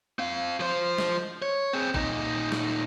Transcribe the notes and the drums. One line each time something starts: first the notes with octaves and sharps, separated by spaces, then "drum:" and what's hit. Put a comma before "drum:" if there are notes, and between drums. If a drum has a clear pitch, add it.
C4 F5
F3 C5
drum: snare
C#5
C4 G#4
A#2 D#4, drum: kick
drum: snare